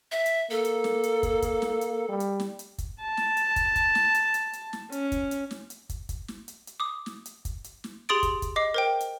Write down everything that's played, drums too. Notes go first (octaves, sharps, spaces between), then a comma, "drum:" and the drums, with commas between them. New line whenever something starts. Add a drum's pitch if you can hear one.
E5
drum: hi-hat
A#3 A4
drum: hi-hat
drum: snare
drum: hi-hat
drum: kick, hi-hat
drum: kick, hi-hat
drum: snare
drum: hi-hat
G3
drum: hi-hat
drum: snare
drum: hi-hat
drum: kick, hi-hat
A5
drum: snare
drum: hi-hat
drum: kick, hi-hat
drum: kick, hi-hat
drum: snare
drum: hi-hat
drum: hi-hat
drum: hi-hat
drum: snare
C#4, drum: hi-hat
drum: kick, hi-hat
drum: hi-hat
drum: snare
drum: hi-hat
drum: kick, hi-hat
drum: kick, hi-hat
drum: snare
drum: hi-hat
drum: hi-hat
D6 D#6
drum: snare
drum: hi-hat
drum: kick, hi-hat
drum: hi-hat
drum: snare
G4 G#4 C6 D#6 A6 D7
drum: kick, hi-hat
drum: kick, hi-hat
D#5 D6 C7
A#4 C5 G5
drum: hi-hat